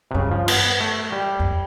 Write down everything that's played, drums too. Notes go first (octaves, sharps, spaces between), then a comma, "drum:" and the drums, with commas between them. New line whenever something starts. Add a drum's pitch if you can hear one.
C3
G2 C#3
F3
B3, drum: cymbal
B3
A3
G3
F2